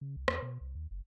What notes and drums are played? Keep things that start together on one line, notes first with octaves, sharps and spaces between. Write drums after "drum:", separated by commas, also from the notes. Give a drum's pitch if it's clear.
C#3
C2
E2, drum: rim click
B2
C2
D#2
F#1